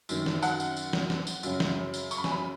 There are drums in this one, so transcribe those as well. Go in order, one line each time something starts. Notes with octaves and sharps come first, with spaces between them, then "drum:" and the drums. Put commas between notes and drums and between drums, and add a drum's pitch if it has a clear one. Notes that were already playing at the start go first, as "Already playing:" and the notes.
F#2 D#3, drum: tambourine
drum: snare
F#5, drum: tambourine
drum: tambourine
drum: tambourine
drum: snare
drum: snare
drum: tambourine
F#2 C#3, drum: tambourine
drum: snare
drum: tambourine
C#6, drum: tambourine
B5
G#5, drum: snare
B5